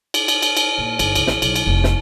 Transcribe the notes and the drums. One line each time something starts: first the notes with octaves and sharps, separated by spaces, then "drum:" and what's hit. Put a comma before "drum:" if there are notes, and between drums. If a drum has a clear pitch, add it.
drum: cymbal
drum: cymbal
drum: cymbal
drum: cymbal
A#2
G1, drum: cymbal
C#2, drum: cymbal
A1, drum: snare
B1, drum: cymbal
drum: cymbal
F1
drum: snare